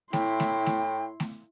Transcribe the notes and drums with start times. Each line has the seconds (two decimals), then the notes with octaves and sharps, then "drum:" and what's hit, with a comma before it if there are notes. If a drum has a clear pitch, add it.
0.13 A2 E4 G5 C6, drum: snare A3
0.40 drum: snare A3
0.66 drum: snare A3
1.20 drum: snare A3